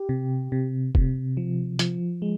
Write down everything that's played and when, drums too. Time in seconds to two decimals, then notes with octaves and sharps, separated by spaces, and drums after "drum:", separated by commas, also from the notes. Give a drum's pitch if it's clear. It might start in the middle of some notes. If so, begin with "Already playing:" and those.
Already playing: G4
0.09 C3
0.52 C3
0.95 C3, drum: kick
1.37 F3
1.79 F3, drum: hi-hat
2.22 G#3